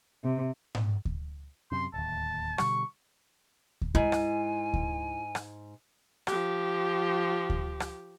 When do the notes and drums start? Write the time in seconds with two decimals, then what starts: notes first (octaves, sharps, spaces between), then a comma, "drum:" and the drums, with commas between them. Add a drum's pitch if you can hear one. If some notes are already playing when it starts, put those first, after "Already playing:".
0.24 C3
0.75 drum: tom G#2
1.05 drum: kick D2
1.72 F#2 C3 C6
1.94 D1 D#2 A5
2.58 B2 D3 G3 C#6, drum: rim click
3.81 drum: kick D2
3.95 G#2 E4 G#5
4.12 drum: rim click
4.73 drum: kick D2
5.35 drum: rim click
6.27 F3 G4, drum: rim click
7.50 drum: kick D2
7.80 drum: rim click